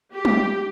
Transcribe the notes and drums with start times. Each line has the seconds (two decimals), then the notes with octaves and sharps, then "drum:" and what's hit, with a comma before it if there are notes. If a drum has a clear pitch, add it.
0.15 G4
0.25 drum: tom